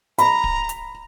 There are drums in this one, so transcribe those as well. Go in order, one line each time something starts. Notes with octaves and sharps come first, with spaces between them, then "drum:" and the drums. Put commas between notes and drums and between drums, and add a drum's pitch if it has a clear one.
A#5 B5, drum: hi-hat
drum: kick D1
drum: hi-hat